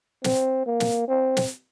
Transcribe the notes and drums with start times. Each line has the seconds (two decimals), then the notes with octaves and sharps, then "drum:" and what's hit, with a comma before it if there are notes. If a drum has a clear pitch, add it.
0.24 C4, drum: snare
0.67 A#3
0.80 drum: snare
1.08 C4
1.37 drum: snare